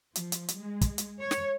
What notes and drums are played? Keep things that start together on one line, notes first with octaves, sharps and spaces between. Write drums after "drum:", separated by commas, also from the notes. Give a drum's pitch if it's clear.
F3, drum: hi-hat
drum: hi-hat
drum: hi-hat
G#3
drum: kick, hi-hat
drum: hi-hat
C#5
drum: snare